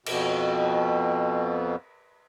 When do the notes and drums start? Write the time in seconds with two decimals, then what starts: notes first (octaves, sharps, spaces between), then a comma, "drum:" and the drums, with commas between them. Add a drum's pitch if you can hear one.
0.06 F2 B2, drum: cymbal